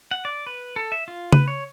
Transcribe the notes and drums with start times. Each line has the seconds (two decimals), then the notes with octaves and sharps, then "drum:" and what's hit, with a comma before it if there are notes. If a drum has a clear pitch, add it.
0.11 F#5
0.25 D5
0.47 B4
0.76 A4
0.92 E5
1.08 F4
1.32 B4, drum: tom C#3
1.48 C#5